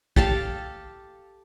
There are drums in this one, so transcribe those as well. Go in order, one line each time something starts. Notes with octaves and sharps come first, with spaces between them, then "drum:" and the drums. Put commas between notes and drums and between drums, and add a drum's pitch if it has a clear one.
G4 A4 F5 A5, drum: kick